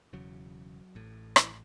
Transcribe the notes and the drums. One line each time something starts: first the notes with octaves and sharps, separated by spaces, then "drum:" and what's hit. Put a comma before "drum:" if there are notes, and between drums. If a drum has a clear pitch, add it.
E1 E2 C#3 F#3
A1 A2
E3, drum: rim click